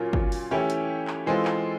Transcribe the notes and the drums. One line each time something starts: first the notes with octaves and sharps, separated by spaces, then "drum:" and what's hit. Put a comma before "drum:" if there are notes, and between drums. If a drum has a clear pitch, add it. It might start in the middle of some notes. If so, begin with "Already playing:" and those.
Already playing: A#2 F#3 A#3 C#4 F4
drum: kick
drum: open hi-hat
E3 A3 C#4 E4 G4
drum: hi-hat
drum: clap
E3 G#3 C4 F4 A4
drum: clap